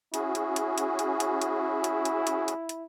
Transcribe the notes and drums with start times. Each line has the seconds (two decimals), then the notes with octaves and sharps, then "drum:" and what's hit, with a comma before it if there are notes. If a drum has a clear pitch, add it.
0.14 C#4 E4 F#4 G#4, drum: hi-hat
0.35 drum: hi-hat
0.56 drum: hi-hat
0.78 drum: hi-hat
0.99 drum: hi-hat
1.20 drum: hi-hat
1.41 drum: hi-hat
1.84 drum: hi-hat
2.05 drum: hi-hat
2.27 drum: hi-hat
2.48 drum: hi-hat
2.69 drum: hi-hat